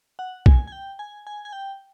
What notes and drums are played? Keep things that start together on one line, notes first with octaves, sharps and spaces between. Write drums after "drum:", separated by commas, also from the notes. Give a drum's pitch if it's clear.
F#5
G#5, drum: kick B1
G#5
G5
G#5
G#5
G#5
G5